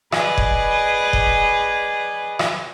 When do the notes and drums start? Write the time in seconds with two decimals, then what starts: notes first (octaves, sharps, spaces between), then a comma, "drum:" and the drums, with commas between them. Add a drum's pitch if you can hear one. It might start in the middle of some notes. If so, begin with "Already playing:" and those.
0.12 G#4 B4 D5 D#5, drum: rim click
0.38 drum: kick F1
1.13 drum: kick F1
2.39 drum: rim click